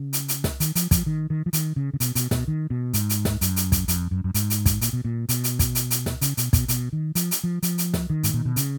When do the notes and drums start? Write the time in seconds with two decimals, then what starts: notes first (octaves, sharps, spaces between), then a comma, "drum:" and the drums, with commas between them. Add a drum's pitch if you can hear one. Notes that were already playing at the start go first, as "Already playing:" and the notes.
Already playing: C#3
0.13 drum: hi-hat
0.28 drum: hi-hat
0.44 drum: snare
0.60 D#3, drum: hi-hat
0.75 F3, drum: hi-hat
0.91 F3, drum: kick, hi-hat
1.06 D#3
1.30 D#3
1.46 F3
1.53 D#3, drum: hi-hat
1.76 C#3
1.94 C#3
2.00 B2, drum: hi-hat
2.15 B2, drum: hi-hat
2.31 B2, drum: snare
2.48 D#3
2.70 B2
2.93 G#2, drum: hi-hat
3.09 drum: hi-hat
3.25 drum: snare
3.41 F#2, drum: hi-hat
3.56 drum: hi-hat
3.72 drum: kick, hi-hat
3.88 F2, drum: hi-hat
4.11 F#2
4.24 F#2
4.34 G#2, drum: hi-hat
4.50 drum: hi-hat
4.66 drum: kick, hi-hat
4.81 A#2, drum: hi-hat
4.93 B2
5.05 A#2
5.29 B2, drum: hi-hat
5.44 drum: hi-hat
5.59 drum: kick, hi-hat
5.75 drum: hi-hat
5.91 drum: hi-hat
6.06 drum: snare
6.21 C#3, drum: hi-hat
6.37 B2, drum: hi-hat
6.53 B2, drum: kick, hi-hat
6.68 B2, drum: hi-hat
6.93 D#3
7.15 F3, drum: hi-hat
7.31 drum: hi-hat
7.44 F3
7.63 F3, drum: hi-hat
7.78 drum: hi-hat
7.94 drum: snare
8.10 D#3
8.23 G#2, drum: hi-hat
8.34 A#2
8.45 B2
8.56 C#3, drum: hi-hat